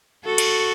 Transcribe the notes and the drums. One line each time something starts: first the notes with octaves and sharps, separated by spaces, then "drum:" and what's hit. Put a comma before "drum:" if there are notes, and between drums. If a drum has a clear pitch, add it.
F#4 A4
drum: cymbal